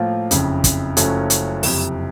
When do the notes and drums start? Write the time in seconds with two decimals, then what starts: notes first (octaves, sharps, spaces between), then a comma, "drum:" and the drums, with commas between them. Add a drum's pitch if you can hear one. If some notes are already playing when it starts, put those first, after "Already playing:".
Already playing: A2 F3 A#3 F4
0.31 F#1 F2 C#3, drum: hi-hat
0.64 drum: kick, hi-hat
0.97 F#1 F#2 F3 A3 C#4, drum: hi-hat
1.30 drum: hi-hat
1.63 F#1 F2 C3, drum: open hi-hat